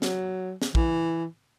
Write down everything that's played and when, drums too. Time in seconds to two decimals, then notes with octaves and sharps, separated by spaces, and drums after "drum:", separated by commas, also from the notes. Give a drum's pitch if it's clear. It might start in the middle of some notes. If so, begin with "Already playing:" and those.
0.02 F#3, drum: snare
0.62 drum: snare
0.75 E3, drum: kick